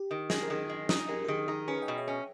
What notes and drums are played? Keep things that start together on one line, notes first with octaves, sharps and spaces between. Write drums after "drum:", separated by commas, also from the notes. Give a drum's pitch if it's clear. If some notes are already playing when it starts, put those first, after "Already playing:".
Already playing: G4
D#3
G#3, drum: snare
A#4
D#3 G#4
G#3
D#4, drum: snare
G#3 G4 A#4
A#4
D#3 G#4
D#4 G#4
C#4 G#4 B4
D#5 G5
B2
C#5 E5
C#4